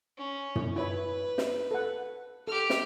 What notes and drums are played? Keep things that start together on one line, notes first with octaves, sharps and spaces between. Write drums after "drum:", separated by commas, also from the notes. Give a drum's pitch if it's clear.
C#4
drum: tom
E4 B4 C#5 E5
drum: snare
A4 F#5
G4 A4 F6
drum: snare